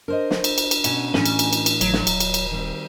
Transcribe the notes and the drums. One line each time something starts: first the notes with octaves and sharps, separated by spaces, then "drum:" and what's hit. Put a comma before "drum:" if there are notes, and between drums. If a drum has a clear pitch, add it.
D4 A#4 C5 D#5
drum: snare
drum: cymbal
drum: cymbal
drum: cymbal
B2 C#4 F#5, drum: cymbal
A2 E3 C#4, drum: snare
drum: cymbal
drum: cymbal
drum: cymbal
drum: cymbal
G#1 F#3, drum: cymbal
drum: snare
D#1, drum: cymbal
drum: cymbal
drum: cymbal
D#3 G3 C4